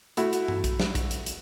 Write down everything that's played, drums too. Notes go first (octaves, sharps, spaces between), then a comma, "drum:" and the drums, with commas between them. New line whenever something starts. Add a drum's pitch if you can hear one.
A3 E4 F#4, drum: hi-hat
drum: hi-hat
drum: tom G2
drum: kick, hi-hat
drum: snare
drum: kick, hi-hat
drum: hi-hat
drum: hi-hat